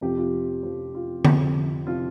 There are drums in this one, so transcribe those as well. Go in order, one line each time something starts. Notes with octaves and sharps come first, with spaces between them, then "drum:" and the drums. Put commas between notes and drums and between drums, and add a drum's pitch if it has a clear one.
F2 C3 F3 G4
F4
F2 C3 F3 F4
F4
F2 C3 F3, drum: tom D3
C3 F3 F4